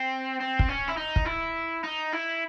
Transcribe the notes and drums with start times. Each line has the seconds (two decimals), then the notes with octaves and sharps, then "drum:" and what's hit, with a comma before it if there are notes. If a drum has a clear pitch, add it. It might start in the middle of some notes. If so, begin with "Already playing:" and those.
Already playing: C4
0.40 C4
0.59 drum: kick
0.69 C#4
0.88 E4
0.98 D#4
1.16 drum: kick
1.26 E4
1.84 D#4
2.13 E4